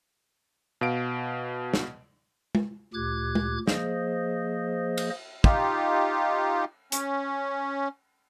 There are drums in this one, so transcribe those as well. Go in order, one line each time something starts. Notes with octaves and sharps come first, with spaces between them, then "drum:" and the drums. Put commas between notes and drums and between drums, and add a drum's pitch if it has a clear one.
B2 F5 D7
drum: snare
drum: tom G#3
D2 A#2 G4 D6 F#6 G#6
drum: tom G#3
F3 A#3 G#4 C5 D#5, drum: snare
drum: cymbal
D#4 F4 G4, drum: kick
C#4, drum: hi-hat